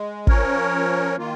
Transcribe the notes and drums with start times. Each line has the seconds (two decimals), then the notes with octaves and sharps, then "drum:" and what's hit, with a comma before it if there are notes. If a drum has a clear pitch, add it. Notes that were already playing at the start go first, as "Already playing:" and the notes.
Already playing: G#3
0.27 F3 C#4 A#4 C#5, drum: kick
1.17 D#3 A#3 F4